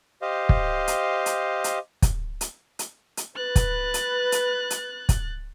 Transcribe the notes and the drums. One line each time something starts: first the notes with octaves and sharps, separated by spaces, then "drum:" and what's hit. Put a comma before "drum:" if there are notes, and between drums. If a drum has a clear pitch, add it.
G4 C5 D#5 F5
drum: kick
drum: hi-hat
drum: hi-hat
drum: hi-hat
drum: kick, hi-hat
drum: hi-hat
drum: hi-hat
drum: hi-hat
B4 F#6 A6
drum: kick, hi-hat
drum: hi-hat
drum: hi-hat
drum: hi-hat
drum: kick, hi-hat